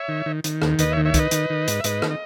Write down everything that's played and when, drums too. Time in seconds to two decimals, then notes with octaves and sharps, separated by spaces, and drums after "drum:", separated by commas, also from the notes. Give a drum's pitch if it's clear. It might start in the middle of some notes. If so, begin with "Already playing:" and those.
Already playing: C#5 E5
0.08 D#3
0.26 D#3
0.44 D#3, drum: hi-hat
0.62 D#2, drum: rim click
0.79 D#2 B4 D#5, drum: hi-hat
0.92 C#5 E5
0.97 D#3
1.05 C#5 E5
1.14 D#3 B4 D#5, drum: kick, hi-hat
1.31 D#3, drum: hi-hat
1.50 D#3
1.68 G#2, drum: hi-hat
1.80 E5
1.84 G#2 B4 D#5, drum: hi-hat
2.02 D#3, drum: rim click
2.11 D#5